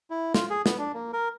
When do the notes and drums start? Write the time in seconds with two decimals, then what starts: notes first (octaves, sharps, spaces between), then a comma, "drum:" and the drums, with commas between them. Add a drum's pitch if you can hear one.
0.10 E4
0.34 F4, drum: snare
0.50 G#4
0.66 B3, drum: snare
0.78 D4
0.94 A#3
1.13 A#4